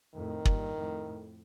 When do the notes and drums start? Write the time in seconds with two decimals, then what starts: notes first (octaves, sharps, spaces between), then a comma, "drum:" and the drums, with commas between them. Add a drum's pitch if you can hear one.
0.15 F2 A2 D#3
0.45 G2 A#2, drum: kick
0.76 F2 A2